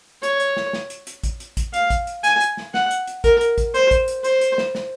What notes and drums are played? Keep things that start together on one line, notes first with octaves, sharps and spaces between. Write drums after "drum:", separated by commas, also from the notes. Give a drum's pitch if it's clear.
C#5, drum: hi-hat
drum: hi-hat
drum: snare
drum: snare
drum: hi-hat
drum: hi-hat
drum: kick A1, hi-hat
drum: hi-hat
drum: kick A1, hi-hat
F5, drum: hi-hat
drum: kick A1, hi-hat
drum: hi-hat
G#5, drum: hi-hat
drum: hi-hat
drum: snare
F#5, drum: snare
drum: hi-hat
drum: hi-hat
A#4, drum: kick A1, hi-hat
drum: hi-hat
drum: kick A1, hi-hat
C5, drum: hi-hat
drum: kick A1, hi-hat
drum: hi-hat
C5, drum: hi-hat
drum: hi-hat
drum: snare
drum: snare